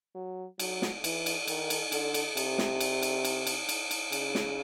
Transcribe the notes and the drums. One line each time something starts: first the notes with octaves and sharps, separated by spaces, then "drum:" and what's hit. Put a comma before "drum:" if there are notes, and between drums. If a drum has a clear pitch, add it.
F#3
F#3, drum: cymbal
drum: snare
E3, drum: cymbal
drum: cymbal
D#3, drum: cymbal
drum: cymbal
D3, drum: cymbal
drum: cymbal
C3, drum: cymbal
drum: snare
drum: cymbal
drum: cymbal
drum: cymbal
drum: cymbal
drum: cymbal
drum: cymbal
C#3, drum: cymbal
drum: snare